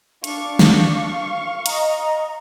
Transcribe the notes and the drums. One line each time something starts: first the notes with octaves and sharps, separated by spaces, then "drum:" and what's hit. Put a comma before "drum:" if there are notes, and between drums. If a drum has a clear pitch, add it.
D4 F5 C#6, drum: hi-hat
drum: snare
D#5 A#5, drum: hi-hat